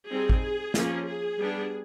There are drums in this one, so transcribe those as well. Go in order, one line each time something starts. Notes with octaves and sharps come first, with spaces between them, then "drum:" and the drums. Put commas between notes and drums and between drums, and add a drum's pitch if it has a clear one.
G3 C4 D#4 G#4
drum: kick
F3 A#3 C#4, drum: snare
G#4
G3 B3 D4